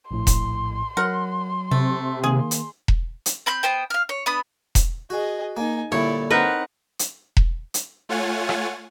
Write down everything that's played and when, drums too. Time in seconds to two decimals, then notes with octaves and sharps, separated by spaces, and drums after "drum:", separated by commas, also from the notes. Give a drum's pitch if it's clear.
0.11 A#1 A2 C6
0.27 drum: kick E1, hi-hat
0.97 F#3 A#4 F#5
1.71 C3 A3
2.24 D#3 A#3 G#4
2.51 drum: hi-hat
2.88 drum: kick E1
3.26 drum: hi-hat
3.46 C4 B5 C6 G6
3.63 B3 C5 G5
3.90 F5 F6
4.09 C#5
4.26 B3 D4 B5 D#6
4.75 drum: kick E1, hi-hat
5.10 F#4 G#4 D#5
5.57 A#3 D#4 G#5
5.92 A#2 D3 G3 E4 C#5
6.30 C4 D#4 A#4 B4 F#5
6.99 drum: hi-hat
7.37 drum: kick E1
7.74 drum: hi-hat
8.09 A3 F4 C#5 F#5 G#5 A6
8.49 drum: rim click